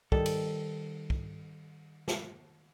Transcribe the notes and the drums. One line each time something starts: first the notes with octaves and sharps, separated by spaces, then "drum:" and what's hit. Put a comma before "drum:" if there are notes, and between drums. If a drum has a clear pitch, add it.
D#3 G3 A4, drum: kick
drum: cymbal
drum: kick
drum: snare